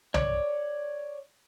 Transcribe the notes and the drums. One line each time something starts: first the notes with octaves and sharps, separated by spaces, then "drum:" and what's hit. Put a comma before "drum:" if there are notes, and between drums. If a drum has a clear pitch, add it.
C#5 D5, drum: tom